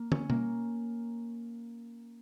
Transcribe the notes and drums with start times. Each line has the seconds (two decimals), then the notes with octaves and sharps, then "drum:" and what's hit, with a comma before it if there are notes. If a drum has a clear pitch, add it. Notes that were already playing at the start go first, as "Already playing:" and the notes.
Already playing: A#3
0.12 C#4, drum: tom
0.30 A#3, drum: tom B2